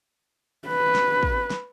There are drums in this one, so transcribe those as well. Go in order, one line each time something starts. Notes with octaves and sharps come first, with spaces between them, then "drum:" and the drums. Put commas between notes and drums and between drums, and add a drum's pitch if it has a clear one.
B4
drum: snare
drum: kick
drum: snare